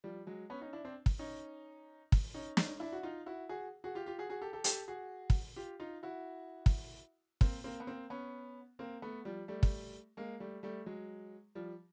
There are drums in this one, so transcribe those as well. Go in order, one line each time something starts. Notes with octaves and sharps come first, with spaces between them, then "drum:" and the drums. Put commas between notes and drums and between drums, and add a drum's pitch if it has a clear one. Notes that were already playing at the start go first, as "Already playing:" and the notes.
F3 G3
F#3 G#3
B3 C#4
C#4 D#4
D4 E4
C4 D4
drum: kick
C#4 D#4
drum: kick
C#4 D#4
C#4 D#4, drum: snare
D4 E4
F#4
D#4 F4
E4 F#4
F#4 G#4
F#4 G#4
F4 G4
F4 G4
F#4 G#4
F#4 G#4
G4 A4
G4 A4
G4 A4, drum: hi-hat
F#4 G#4
drum: kick
F4 G4
D#4 F4
E4 F#4
drum: kick
A#3 C4, drum: kick
A#3 C4
B3
A#3 C4
B3 C#4
A#3 C4
A3 B3
F3 G3
G3 A3
drum: kick
G#3 A#3
G3 A3
G3 A3
F#3 G#3
F3 G3